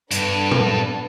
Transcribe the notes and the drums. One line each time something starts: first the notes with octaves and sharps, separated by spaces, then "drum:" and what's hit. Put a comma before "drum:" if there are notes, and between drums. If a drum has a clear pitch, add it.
G2 B3 D4 A4, drum: hi-hat
drum: tom A#2